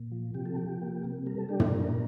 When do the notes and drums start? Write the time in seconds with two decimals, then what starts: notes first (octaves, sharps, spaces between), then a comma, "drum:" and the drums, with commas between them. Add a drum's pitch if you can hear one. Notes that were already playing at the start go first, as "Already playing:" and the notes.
Already playing: A#2
0.12 F3
0.34 C3 G4
0.46 A4
0.56 F3 G4
0.81 A#3
1.04 C3
1.26 G3 A#4
1.38 A4
1.49 D4 G4
1.60 A4, drum: tom
1.72 A#2 A#4